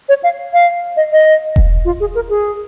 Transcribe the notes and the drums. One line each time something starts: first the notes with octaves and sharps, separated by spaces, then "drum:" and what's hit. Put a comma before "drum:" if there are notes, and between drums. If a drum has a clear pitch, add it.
C#5
F5
F5
D#5
D#5
drum: kick E1
F4
G#4
A#4
G#4